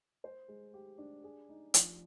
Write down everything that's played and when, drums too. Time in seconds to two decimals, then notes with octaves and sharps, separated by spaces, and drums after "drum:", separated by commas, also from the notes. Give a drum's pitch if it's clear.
0.24 C5
0.48 G#3
0.74 G4
0.98 D4
1.24 G#4
1.49 D#4
1.74 F3, drum: hi-hat